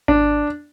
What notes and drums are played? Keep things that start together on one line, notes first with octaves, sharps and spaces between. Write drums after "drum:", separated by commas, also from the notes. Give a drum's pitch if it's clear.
D4, drum: kick G#1